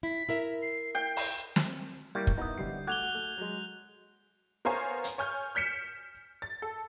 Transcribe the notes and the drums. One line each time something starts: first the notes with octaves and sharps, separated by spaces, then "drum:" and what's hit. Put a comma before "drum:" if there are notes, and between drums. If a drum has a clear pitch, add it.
E4 B6
E4 A#4 E5
C7
G5 C7
drum: open hi-hat
drum: snare
G3 A#3 E4 A#4 C#6 G6
drum: kick
B3 D#4 E4 D#5 A#5
D2 G3 C7
A3 F#4 D6 F#6 G#6 F7 G7
A3
F#3 G#3
B3 A#4 C5 C#5 F5 G#5
drum: hi-hat
C#5 G#5 F6 G6
F6 G6 B6 C#7 E7
A6
A4